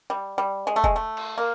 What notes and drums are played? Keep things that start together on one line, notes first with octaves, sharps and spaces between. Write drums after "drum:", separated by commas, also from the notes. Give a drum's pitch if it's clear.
G3
G3
G#3
A3
G#3, drum: kick E1
A3
drum: cymbal
A#3